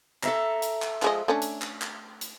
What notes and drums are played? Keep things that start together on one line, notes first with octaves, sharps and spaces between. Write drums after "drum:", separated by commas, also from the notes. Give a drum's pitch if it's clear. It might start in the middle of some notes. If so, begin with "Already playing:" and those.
A4 E5 A#5, drum: clap
drum: hi-hat
drum: clap
F3 G#3 D#5, drum: clap
A3 C#4 D4
drum: hi-hat
drum: clap
drum: clap
drum: hi-hat